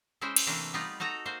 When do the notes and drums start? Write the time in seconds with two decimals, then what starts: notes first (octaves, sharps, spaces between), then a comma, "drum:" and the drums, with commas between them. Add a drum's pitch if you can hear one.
0.21 G#3 C#4 E4 C5 G5
0.36 drum: cymbal
0.47 C3 E3 A3 A#3 D4
0.74 G3 B3 D#4 F4 D5
1.00 D#4 F#4 A4 A#5
1.25 A#3 F#4 C5